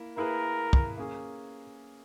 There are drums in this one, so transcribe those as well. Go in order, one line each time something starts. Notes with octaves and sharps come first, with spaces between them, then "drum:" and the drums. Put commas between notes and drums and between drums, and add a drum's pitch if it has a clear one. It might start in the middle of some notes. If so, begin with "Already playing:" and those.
Already playing: A#3 E4
A#3 E4 G#4 A#4 B4
drum: kick
A#3 C#4 G#4